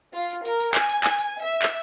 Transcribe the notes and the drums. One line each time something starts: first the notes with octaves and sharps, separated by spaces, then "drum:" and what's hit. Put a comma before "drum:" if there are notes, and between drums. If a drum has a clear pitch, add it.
F4
drum: tambourine
A#4, drum: tambourine
drum: tambourine
G#5, drum: clap
drum: tambourine
drum: clap
drum: tambourine
E5
drum: clap